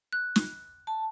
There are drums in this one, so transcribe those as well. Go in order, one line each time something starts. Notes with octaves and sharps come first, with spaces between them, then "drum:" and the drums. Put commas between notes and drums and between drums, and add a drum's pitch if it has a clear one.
F#6
drum: snare
A5